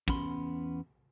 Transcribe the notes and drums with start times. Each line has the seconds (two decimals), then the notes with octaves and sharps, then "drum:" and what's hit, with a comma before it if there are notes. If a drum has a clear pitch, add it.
0.08 E2 B3 C#4 B5 C6, drum: kick